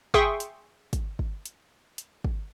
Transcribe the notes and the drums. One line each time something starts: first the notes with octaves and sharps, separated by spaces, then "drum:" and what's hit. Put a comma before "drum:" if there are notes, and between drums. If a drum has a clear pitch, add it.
G#4 E5 G5 C6 C#6 D#6, drum: kick
drum: hi-hat
drum: kick, hi-hat
drum: kick
drum: hi-hat
drum: hi-hat
drum: kick